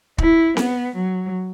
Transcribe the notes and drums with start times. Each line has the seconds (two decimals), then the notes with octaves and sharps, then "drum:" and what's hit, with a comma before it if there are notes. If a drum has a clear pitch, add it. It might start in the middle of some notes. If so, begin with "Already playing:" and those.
0.18 E4, drum: kick
0.57 B3, drum: snare C4
0.95 F#3